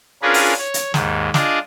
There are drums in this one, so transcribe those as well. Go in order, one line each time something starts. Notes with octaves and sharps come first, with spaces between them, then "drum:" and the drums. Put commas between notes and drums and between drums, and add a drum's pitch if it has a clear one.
C#4 D4 F4 G#4 A#4 B4
drum: open hi-hat
C#5
drum: hi-hat
D#2 G#2, drum: snare
D4 F4 G#4 D5 D#5, drum: snare